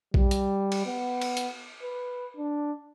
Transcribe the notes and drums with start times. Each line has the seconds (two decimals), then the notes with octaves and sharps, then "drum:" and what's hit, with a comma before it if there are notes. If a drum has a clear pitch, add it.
0.14 G3, drum: kick A#1
0.31 drum: hi-hat
0.72 drum: cymbal
0.86 B3
1.21 drum: cymbal
1.37 drum: hi-hat
1.83 B4
2.37 D4